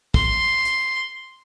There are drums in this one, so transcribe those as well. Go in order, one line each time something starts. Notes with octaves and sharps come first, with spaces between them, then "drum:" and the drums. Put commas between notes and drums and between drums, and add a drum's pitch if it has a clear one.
C6, drum: kick
drum: hi-hat